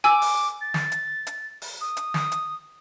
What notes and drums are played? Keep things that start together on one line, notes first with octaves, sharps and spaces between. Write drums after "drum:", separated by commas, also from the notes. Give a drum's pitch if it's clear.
G#5 D6 E6
drum: open hi-hat
A6
drum: snare
drum: hi-hat
drum: hi-hat
drum: open hi-hat
D#6
drum: hi-hat
drum: snare
drum: hi-hat